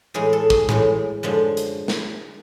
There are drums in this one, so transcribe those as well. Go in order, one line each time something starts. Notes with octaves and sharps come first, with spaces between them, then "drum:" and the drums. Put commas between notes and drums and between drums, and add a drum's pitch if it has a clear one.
A2 E3 G#3 G#4
A4
G#4, drum: kick
A2 E3 G#3, drum: tom A2
F#2 D3 F3 G#3
drum: hi-hat
drum: snare